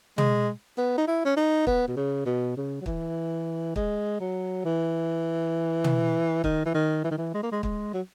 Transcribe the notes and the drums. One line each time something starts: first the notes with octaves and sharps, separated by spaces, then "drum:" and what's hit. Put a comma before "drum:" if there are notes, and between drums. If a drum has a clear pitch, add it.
G#3, drum: tom
B3
D#4
E4
C#4
D#4
B3, drum: kick
B2
C#3
B2
C#3
F#3
E3, drum: kick
G#3, drum: kick
F#3
E3
drum: tom
D#3, drum: kick
E3
D#3
E3
D#3
E3
G#3
A#3
G#3
G#3, drum: kick
F#3